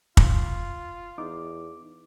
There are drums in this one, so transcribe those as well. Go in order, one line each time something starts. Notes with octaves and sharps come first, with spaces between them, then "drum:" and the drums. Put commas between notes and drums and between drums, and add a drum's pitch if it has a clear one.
F4, drum: kick
E2 D#4 D6